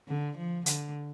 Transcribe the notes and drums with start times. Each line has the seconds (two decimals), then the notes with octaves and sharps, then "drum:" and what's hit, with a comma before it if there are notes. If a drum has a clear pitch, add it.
0.08 D3
0.37 F3
0.66 D3, drum: hi-hat